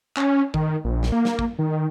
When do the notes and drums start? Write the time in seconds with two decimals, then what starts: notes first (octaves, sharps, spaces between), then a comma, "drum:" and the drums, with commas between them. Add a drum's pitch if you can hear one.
0.17 C#4, drum: clap
0.54 D#3, drum: kick
0.84 A#1
1.03 drum: snare
1.12 A#3
1.25 drum: snare
1.39 drum: kick
1.59 D#3